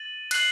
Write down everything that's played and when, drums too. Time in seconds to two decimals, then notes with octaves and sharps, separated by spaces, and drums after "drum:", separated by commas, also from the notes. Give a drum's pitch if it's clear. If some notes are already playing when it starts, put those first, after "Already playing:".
Already playing: A6 D#7 F#7
0.31 F#6 C7 F#7, drum: cymbal